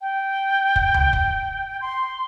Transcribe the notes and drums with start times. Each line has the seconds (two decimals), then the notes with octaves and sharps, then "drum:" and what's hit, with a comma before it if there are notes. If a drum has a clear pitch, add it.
0.01 G5
0.76 drum: kick
0.94 drum: tom C#2
1.13 drum: kick
1.81 C6